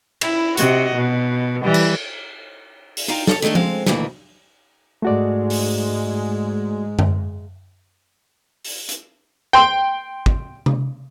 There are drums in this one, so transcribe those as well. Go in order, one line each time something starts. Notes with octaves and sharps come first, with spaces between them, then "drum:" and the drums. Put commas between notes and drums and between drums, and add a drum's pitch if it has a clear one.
E4, drum: cymbal
C3 F#4 D#5, drum: hi-hat
B2
E3 G3
drum: cymbal
drum: open hi-hat
D#4 F4 F5 G5 A#5
A4 C#5, drum: snare
D#3 G#3 A3 D4 A4
F2 G#3 C4 F5, drum: tom F3
D2 A#2 D#3 E3, drum: snare
G#2 G#3 A3 F#4 D5
drum: open hi-hat
drum: tom F#2
drum: open hi-hat
drum: hi-hat
G5 C6
drum: kick
drum: tom C3